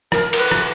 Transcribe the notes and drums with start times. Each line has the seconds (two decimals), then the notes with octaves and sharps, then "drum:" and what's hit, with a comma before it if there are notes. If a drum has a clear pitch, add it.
0.12 A#4, drum: rim click
0.33 A#4, drum: cymbal
0.38 B4
0.51 drum: rim click